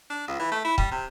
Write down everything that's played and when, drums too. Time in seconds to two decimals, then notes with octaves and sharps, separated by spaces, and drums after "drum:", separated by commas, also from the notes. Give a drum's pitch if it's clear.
0.10 D4
0.28 C#2
0.39 E3
0.52 A3
0.65 E4
0.78 G3, drum: kick
0.91 C3